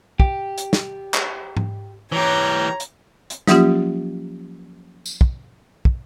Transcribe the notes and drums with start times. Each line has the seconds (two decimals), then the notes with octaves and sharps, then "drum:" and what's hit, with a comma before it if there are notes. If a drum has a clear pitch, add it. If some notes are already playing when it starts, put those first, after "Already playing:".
0.20 G4, drum: kick
0.58 drum: hi-hat
0.73 drum: snare
1.14 drum: clap
1.57 drum: tom G#2
2.12 E3 G4 C#5 A#5
2.80 drum: hi-hat
3.30 drum: hi-hat
3.47 F3 F#3 A#3 C#4 F4 G4, drum: snare
5.06 drum: tambourine
5.21 drum: kick
5.85 drum: kick